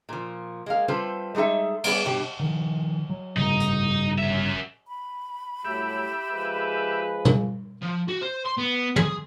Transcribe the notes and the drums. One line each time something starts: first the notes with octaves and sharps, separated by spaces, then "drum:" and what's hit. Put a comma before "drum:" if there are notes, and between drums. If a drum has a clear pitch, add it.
A#2 F3
G#3 A#3 F5
G3 C4 F4 A4 B4 C5
G3 G#3 D#4 A4 E5
G3 B3 G#4 B4 D5, drum: cymbal
G2 B2 G4
D#3 F3
F#3
G1 C#3 G3 D#4
drum: hi-hat
F#2 E5
B5
A2 F#3 G3 E4 G4 E5
F3 G#3 G#4 B4
drum: tom
F3
F#4
C5
C6
B3
G#4, drum: tom